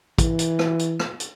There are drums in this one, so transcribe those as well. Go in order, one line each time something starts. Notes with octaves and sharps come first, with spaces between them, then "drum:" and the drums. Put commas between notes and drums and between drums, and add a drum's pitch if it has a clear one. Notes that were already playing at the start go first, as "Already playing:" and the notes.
E3, drum: kick, hi-hat
drum: hi-hat
drum: rim click
drum: hi-hat
drum: rim click
drum: hi-hat